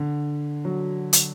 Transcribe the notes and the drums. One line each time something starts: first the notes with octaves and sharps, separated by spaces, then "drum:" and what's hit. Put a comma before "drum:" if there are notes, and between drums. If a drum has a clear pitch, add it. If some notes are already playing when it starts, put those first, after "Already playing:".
Already playing: D3
F#3
drum: hi-hat